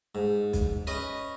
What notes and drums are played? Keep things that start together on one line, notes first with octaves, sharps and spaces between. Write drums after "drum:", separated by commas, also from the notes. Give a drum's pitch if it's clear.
G#2
drum: kick, hi-hat
C#4 B4 D#5